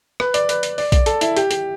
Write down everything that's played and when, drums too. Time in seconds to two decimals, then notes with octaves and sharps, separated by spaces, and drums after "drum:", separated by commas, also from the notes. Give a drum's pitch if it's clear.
0.20 B4, drum: rim click
0.34 D5, drum: hi-hat
0.49 B4, drum: hi-hat
0.63 drum: hi-hat
0.78 D5, drum: open hi-hat
0.92 D5, drum: kick, hi-hat
1.06 A4, drum: hi-hat
1.21 E4, drum: hi-hat
1.37 G4, drum: hi-hat
1.51 G4, drum: hi-hat